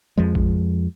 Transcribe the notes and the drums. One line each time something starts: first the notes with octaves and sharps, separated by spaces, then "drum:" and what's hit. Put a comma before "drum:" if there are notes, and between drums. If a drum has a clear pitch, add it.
F2 F3 G#3
drum: kick A1